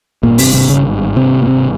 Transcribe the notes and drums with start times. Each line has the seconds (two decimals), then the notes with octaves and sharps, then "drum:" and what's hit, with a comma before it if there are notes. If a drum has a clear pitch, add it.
0.23 G#1 G2 A#2 A#3
0.38 C3 C4, drum: open hi-hat
0.54 C3 C4
0.69 C#3 C#4
1.16 C3 C4
1.42 A#3
1.47 C3 C4